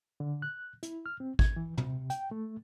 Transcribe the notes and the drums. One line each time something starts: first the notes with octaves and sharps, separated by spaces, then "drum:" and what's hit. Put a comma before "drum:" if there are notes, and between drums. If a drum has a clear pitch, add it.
D3
F#6
E4, drum: hi-hat
F6
C4
G#6, drum: kick G#1
E3
C3, drum: tom
G5, drum: hi-hat
A3